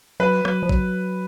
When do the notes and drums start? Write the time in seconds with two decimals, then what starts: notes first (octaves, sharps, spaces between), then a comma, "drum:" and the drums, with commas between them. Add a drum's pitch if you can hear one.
0.20 F#3 B4
0.45 F#3, drum: rim click
0.63 F3
0.69 F#3, drum: kick